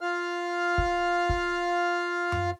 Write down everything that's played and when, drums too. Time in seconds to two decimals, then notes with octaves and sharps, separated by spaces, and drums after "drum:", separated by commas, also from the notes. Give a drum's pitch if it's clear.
0.01 F4 F5 F6
0.78 drum: kick
1.29 drum: kick
2.32 drum: tom F#2